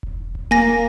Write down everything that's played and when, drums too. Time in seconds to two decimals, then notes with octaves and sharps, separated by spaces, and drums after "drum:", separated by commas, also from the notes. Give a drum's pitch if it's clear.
0.03 drum: kick E1
0.35 drum: kick E1
0.51 A#3 G#5 A#6